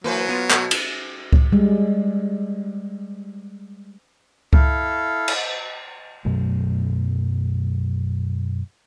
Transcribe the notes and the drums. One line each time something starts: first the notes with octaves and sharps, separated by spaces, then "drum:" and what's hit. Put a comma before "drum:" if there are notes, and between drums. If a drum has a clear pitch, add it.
E3 F#3 A#3 B4 C5
B3 F4
B2, drum: clap
drum: cymbal
drum: kick C#2
G3 G#3
E4 A4 F5, drum: kick C#2
drum: cymbal
F#2 B2 F#3 A3